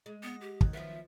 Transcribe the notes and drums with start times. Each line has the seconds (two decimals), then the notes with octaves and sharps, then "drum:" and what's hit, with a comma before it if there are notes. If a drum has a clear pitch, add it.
0.06 G#3
0.23 B3 D#5 F#5
0.41 G4
0.61 D#3 F#3, drum: kick
0.73 F3 B3 E5